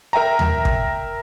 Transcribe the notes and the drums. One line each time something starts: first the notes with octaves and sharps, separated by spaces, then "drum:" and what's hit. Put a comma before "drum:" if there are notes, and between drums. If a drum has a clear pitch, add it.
A#4 E5 G5 A#5
drum: tom D#2
drum: kick